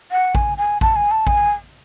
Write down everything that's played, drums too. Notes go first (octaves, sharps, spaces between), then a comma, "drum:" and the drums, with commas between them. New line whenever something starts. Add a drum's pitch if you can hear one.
F#5
G#5, drum: kick A1
G#5
A5, drum: kick A1
G#5
A5
G#5, drum: kick A1